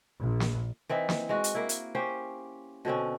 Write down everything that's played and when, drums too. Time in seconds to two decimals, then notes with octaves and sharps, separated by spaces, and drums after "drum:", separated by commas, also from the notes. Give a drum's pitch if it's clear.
0.20 A#1
0.40 drum: snare
0.89 E3 C4 D#4
1.09 drum: snare
1.29 G#3 F#4
1.44 drum: hi-hat
1.55 A#3 E4
1.69 drum: hi-hat
1.95 C#4 G4 C5
2.85 B2 D3 C4 C#4